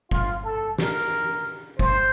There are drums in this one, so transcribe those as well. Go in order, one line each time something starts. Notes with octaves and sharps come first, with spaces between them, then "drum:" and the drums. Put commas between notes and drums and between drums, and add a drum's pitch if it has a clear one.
F4, drum: kick
A4
A#4, drum: snare
C5, drum: kick